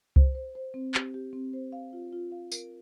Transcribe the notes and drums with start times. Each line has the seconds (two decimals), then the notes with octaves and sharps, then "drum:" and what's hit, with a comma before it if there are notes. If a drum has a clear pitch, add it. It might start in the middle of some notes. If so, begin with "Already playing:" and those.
0.16 C5, drum: kick C2
0.35 C5
0.55 C5
0.74 C4
0.95 G4, drum: clap
1.14 G4
1.33 C4
1.53 C5
1.72 F5
1.93 F4
2.13 F4
2.32 F5
2.52 A#4, drum: tambourine